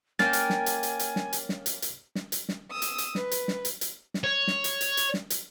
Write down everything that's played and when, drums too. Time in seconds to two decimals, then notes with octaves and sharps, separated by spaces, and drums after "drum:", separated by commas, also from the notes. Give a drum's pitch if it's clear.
0.19 A#3 C#4 A#4 G5 G#5 A6, drum: snare
0.33 drum: hi-hat
0.50 drum: snare
0.66 drum: hi-hat
0.83 drum: hi-hat
0.99 drum: hi-hat
1.16 drum: snare
1.33 drum: hi-hat
1.49 drum: snare
1.66 drum: hi-hat
1.82 drum: hi-hat
2.15 drum: snare
2.32 drum: hi-hat
2.49 drum: snare
2.71 D#6 E6
2.82 drum: hi-hat
2.98 drum: hi-hat
3.15 B4, drum: snare
3.31 drum: hi-hat
3.48 drum: snare
3.65 drum: hi-hat
3.81 drum: hi-hat
4.14 drum: snare
4.24 C#5
4.47 drum: snare
4.64 drum: hi-hat
4.81 drum: hi-hat
4.97 drum: hi-hat
5.14 drum: snare
5.30 drum: hi-hat